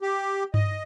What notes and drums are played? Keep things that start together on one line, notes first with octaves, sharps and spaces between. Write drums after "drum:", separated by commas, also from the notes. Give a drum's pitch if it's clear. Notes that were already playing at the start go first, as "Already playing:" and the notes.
G4
D#5, drum: tom G2